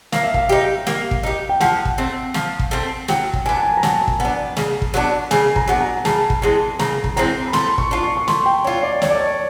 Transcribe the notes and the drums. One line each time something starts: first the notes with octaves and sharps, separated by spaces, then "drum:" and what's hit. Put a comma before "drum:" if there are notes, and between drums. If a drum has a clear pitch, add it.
A#3 F5, drum: snare
E5
F5, drum: kick
D#4 G4
A#3, drum: snare
drum: kick
D#4 G4
G5
F3 F#5, drum: snare
drum: kick
A3 C4
F3, drum: snare
drum: kick
A3 C4
F#3 G5, drum: snare
drum: kick
B3 D4 G#5
A5
G#5
A#5
F#3 A5, drum: snare
drum: kick
B3 D4
C#3, drum: snare
drum: kick
F#3 B3 D4
C#3 G#5, drum: snare
A#5, drum: kick
F#3 B3 D4
A#5
C#3 A5, drum: snare
drum: kick
E3 G#3 C4 A5
C#3 A#5, drum: snare
drum: kick
E3 G#3 C4 A#5
B5
A3 C6, drum: snare
C#6, drum: kick
D4 F4
C#6
C#6
A3 C6, drum: snare
G5
D4 F4 C#5
D5
A3 C#5, drum: snare
D5
C#5